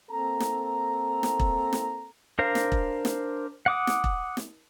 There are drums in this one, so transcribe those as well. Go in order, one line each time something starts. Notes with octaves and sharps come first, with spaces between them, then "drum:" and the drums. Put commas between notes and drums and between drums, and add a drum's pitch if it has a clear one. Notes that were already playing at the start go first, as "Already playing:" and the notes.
A#3 C4 A4 A#5
drum: snare
drum: snare
drum: kick E1
drum: snare
D4 A#4 C5 F5 A#5
drum: snare
drum: kick E1
drum: snare
F#5 D6 D#6
drum: snare
drum: kick E1
drum: snare